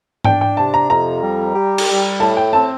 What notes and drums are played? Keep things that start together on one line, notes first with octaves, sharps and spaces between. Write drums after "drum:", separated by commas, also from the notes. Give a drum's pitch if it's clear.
D4 G5, drum: tom G#2
G5
C3 A5
A#5
F2 A#5
G3
G4
drum: cymbal
G3
A2 A5
G5
C4 A5